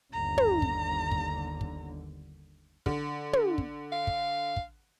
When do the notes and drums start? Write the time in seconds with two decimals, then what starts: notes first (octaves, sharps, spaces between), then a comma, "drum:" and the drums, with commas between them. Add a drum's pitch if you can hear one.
0.13 G1 D#2 D3 A#5
0.38 drum: tom
0.62 drum: kick
1.11 drum: kick
1.61 drum: kick
2.86 D3, drum: kick
3.33 drum: tom
3.58 drum: kick
3.92 F5
4.07 drum: kick
4.57 drum: kick